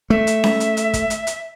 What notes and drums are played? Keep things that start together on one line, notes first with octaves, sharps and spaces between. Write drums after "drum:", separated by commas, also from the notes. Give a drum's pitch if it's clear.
A3 E5
drum: hi-hat
drum: snare C#4
drum: hi-hat
drum: hi-hat
drum: kick, hi-hat
drum: hi-hat
drum: hi-hat